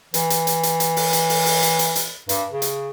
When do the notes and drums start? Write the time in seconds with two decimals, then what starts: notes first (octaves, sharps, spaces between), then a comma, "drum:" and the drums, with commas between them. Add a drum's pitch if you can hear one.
0.14 E3, drum: hi-hat
0.30 drum: hi-hat
0.47 drum: hi-hat
0.63 drum: hi-hat
0.80 drum: hi-hat
0.96 drum: open hi-hat
1.13 drum: hi-hat
1.29 drum: open hi-hat
1.46 drum: open hi-hat
1.63 drum: hi-hat
1.79 drum: hi-hat
1.96 drum: hi-hat
2.29 G2, drum: hi-hat
2.52 C#3
2.62 drum: hi-hat